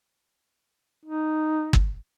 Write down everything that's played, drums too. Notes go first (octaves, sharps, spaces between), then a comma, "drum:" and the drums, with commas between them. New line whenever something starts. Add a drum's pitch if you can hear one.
D#4
drum: kick